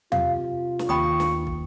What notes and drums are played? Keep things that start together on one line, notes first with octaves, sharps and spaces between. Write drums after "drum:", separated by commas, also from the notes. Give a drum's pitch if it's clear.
C3 F4 F5, drum: tom E2
drum: snare
D#2 G5 B5 C#6 D#6
drum: snare
drum: kick